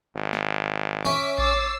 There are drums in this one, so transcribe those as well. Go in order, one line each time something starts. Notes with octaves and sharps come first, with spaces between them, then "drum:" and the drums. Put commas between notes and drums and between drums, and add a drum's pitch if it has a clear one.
G#1
drum: snare
C#4 E5 D6 B6, drum: tom D#3
C#5 D6 E6 A6 C7, drum: kick A1